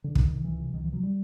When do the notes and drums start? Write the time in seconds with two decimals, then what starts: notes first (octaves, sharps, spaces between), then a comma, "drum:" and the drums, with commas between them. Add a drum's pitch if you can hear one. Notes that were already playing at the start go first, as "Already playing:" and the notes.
0.04 D3
0.15 C#2 D#3, drum: kick
0.31 C3
0.44 C#2 E3
0.59 C3
0.73 C#2 D#3
0.84 E3
0.88 C3 F#3
1.03 G3